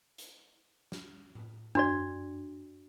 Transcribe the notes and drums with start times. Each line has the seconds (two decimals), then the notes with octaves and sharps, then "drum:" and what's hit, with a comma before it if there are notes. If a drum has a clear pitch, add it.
0.18 drum: hi-hat
0.92 drum: snare
1.35 drum: tom A2
1.75 D4 F#4 D5, drum: tom F#2